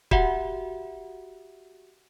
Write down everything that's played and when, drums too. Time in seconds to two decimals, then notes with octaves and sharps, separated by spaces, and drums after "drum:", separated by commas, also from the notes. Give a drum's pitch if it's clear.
0.11 F#4 G4 E5 F#5, drum: kick